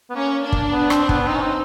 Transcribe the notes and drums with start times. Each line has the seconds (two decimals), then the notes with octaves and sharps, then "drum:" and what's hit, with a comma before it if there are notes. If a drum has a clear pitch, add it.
0.10 B3
0.15 A#3 C#4
0.43 D4
0.52 drum: kick
0.71 B3
0.90 C4, drum: rim click
1.09 B3, drum: kick
1.27 C4 D#4
1.34 C#4
1.42 C4